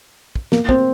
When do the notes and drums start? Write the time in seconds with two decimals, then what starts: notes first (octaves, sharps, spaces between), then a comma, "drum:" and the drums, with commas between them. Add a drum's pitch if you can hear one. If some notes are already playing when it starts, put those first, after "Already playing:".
0.35 drum: kick
0.52 A#3, drum: snare
0.69 C4, drum: kick